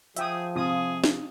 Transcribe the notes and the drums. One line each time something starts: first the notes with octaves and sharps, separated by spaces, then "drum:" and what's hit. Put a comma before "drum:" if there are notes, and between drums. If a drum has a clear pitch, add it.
F3 G#4 E5 G5 D#6, drum: hi-hat
C3 F4 G#4 D#6
drum: snare